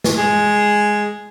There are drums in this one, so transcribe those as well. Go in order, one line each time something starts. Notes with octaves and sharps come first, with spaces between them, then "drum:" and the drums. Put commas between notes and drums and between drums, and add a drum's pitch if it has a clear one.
drum: snare
G#3